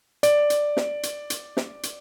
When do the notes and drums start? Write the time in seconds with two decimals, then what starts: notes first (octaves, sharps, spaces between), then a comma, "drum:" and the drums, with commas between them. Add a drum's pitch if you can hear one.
0.23 D5, drum: hi-hat
0.50 drum: hi-hat
0.77 drum: snare
1.03 drum: hi-hat
1.30 drum: hi-hat
1.57 drum: snare
1.83 drum: hi-hat